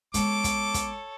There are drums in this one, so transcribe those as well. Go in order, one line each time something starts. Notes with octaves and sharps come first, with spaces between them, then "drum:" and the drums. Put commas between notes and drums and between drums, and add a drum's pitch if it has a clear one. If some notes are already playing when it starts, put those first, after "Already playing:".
G#3 B3 A4 C#5 D6, drum: hi-hat
drum: kick, hi-hat
drum: kick, hi-hat